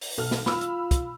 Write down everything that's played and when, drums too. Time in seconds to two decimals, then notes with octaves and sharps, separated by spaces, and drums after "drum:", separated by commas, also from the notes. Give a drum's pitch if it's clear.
0.01 drum: open hi-hat
0.18 B1 A4 F6
0.31 drum: snare
0.46 F4 B5 E6 F6, drum: snare
0.61 drum: hi-hat
0.91 drum: kick, hi-hat